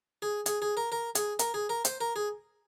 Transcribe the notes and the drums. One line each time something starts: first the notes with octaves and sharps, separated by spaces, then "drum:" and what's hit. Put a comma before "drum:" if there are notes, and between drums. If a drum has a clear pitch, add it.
G#4
G#4, drum: hi-hat
G#4
A#4
A#4
G#4, drum: hi-hat
A#4, drum: hi-hat
G#4
A#4
C5, drum: hi-hat
A#4
G#4